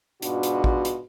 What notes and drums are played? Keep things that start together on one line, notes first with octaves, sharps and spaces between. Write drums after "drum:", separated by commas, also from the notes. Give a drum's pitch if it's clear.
G#2 B2 D4 F4 F#4, drum: hi-hat
drum: hi-hat
drum: kick A1
drum: hi-hat